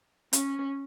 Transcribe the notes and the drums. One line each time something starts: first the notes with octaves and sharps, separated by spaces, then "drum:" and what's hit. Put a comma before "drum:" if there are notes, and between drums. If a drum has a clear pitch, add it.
C#4, drum: hi-hat